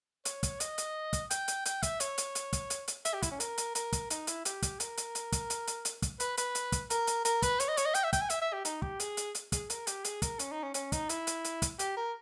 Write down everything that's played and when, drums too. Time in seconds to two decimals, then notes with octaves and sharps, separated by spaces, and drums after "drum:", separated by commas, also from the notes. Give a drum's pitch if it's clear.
0.25 C#5, drum: hi-hat
0.43 drum: kick, hi-hat
0.60 D#5, drum: hi-hat
0.78 drum: hi-hat
1.13 drum: kick, hi-hat
1.30 G5, drum: hi-hat
1.48 drum: hi-hat
1.65 G5, drum: hi-hat
1.83 E5, drum: kick, hi-hat
2.00 C#5, drum: hi-hat
2.18 drum: hi-hat
2.35 drum: hi-hat
2.53 drum: kick, hi-hat
2.70 drum: hi-hat
2.88 drum: hi-hat
3.05 E5, drum: hi-hat
3.14 G4
3.22 E4, drum: kick, hi-hat
3.31 C#4
3.40 A#4, drum: hi-hat
3.58 drum: hi-hat
3.75 A#4, drum: hi-hat
3.93 drum: kick, hi-hat
4.10 D#4, drum: hi-hat
4.27 E4, drum: hi-hat
4.45 G4, drum: hi-hat
4.62 drum: kick, hi-hat
4.80 A#4, drum: hi-hat
4.97 drum: hi-hat
5.15 drum: hi-hat
5.32 drum: kick, hi-hat
5.50 drum: hi-hat
5.67 drum: hi-hat
5.85 drum: hi-hat
6.02 drum: kick, hi-hat
6.20 B4, drum: hi-hat
6.37 B4, drum: hi-hat
6.55 drum: hi-hat
6.72 drum: kick, hi-hat
6.90 A#4, drum: hi-hat
7.07 drum: hi-hat
7.25 A#4, drum: hi-hat
7.42 B4, drum: kick, hi-hat
7.60 C#5, drum: hi-hat
7.69 D#5
7.77 C#5, drum: hi-hat
7.86 D#5
7.94 G5, drum: hi-hat
8.04 E5
8.13 G5, drum: kick, hi-hat
8.21 G#5
8.30 E5, drum: hi-hat
8.42 E5
8.53 G4
8.65 D#4, drum: hi-hat
8.82 G4, drum: kick
9.00 G#4, drum: hi-hat
9.17 drum: hi-hat
9.35 drum: hi-hat
9.52 G#4, drum: kick, hi-hat
9.70 A#4, drum: hi-hat
9.87 G4, drum: hi-hat
10.04 G#4, drum: hi-hat
10.22 A#4, drum: kick, hi-hat
10.39 C#4, drum: hi-hat
10.52 D#4
10.63 C#4
10.74 C#4, drum: hi-hat
10.92 D#4, drum: kick, hi-hat
11.09 E4, drum: hi-hat
11.27 drum: hi-hat
11.44 drum: hi-hat
11.62 drum: kick, hi-hat
11.79 G4, drum: hi-hat
11.97 A#4